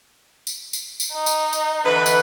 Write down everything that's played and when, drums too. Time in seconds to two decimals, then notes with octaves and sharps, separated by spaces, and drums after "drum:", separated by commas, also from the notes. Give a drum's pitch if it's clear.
0.47 drum: tambourine
0.73 drum: tambourine
1.00 drum: tambourine
1.13 D#4
1.26 drum: tambourine
1.53 drum: tambourine
1.85 D3 E3 B4
2.06 drum: tambourine